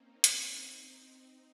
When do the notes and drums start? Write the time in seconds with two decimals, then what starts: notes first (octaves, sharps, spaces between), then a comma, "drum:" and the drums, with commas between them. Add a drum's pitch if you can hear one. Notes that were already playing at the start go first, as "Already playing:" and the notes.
Already playing: A#3 C4 C#4 D#4
0.24 C4 D#4, drum: hi-hat